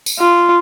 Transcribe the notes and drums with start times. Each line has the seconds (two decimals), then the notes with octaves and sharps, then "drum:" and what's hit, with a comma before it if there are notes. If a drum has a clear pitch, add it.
0.06 drum: tambourine
0.19 F4